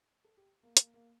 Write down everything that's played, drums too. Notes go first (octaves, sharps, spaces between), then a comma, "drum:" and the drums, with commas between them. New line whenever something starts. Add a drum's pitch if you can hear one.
A4
G4
A#3
A#3, drum: hi-hat
A#3